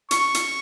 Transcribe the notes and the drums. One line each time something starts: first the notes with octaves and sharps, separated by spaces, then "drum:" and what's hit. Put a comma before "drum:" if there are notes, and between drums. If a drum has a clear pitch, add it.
C#6, drum: hi-hat
drum: hi-hat